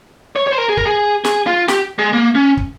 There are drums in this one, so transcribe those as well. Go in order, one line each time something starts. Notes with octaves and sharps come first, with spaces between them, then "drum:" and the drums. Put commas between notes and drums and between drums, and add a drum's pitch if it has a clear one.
C#5
C#5
C5
A#4
G#4
A#4, drum: kick
G#4
G#4, drum: snare
F4
G4, drum: snare
G#3
A#3
C#4
drum: kick